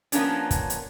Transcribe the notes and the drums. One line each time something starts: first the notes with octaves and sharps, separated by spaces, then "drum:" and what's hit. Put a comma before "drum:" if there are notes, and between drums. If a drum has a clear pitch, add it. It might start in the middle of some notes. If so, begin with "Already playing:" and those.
F3 A#3 B3 C#4 D4, drum: hi-hat
drum: kick, hi-hat
drum: hi-hat